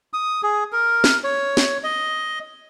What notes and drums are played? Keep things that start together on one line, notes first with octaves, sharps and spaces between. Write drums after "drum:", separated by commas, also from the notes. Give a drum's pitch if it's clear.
D#6
G#4
A#4
drum: snare
C#5
drum: snare
D#5